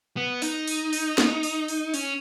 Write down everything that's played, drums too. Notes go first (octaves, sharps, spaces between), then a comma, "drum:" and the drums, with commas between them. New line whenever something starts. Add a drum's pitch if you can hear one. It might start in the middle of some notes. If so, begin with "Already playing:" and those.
B3
D#4, drum: open hi-hat
drum: open hi-hat
drum: open hi-hat
drum: snare
drum: open hi-hat
drum: open hi-hat
C#4, drum: open hi-hat